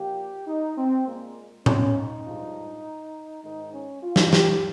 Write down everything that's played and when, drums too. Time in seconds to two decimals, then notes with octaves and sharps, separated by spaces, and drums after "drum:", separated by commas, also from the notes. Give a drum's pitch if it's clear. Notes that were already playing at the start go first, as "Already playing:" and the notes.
Already playing: A#2 F3 A#3 G4
0.47 D#4
0.78 C4
1.07 A#2 G#3 A#3
1.66 C#4, drum: tom A2
1.96 D#4
2.26 G2 F3 G#3
3.44 G#2 D#3 G#3 D#4
3.73 C#4
4.03 F4
4.16 drum: snare
4.33 G4, drum: snare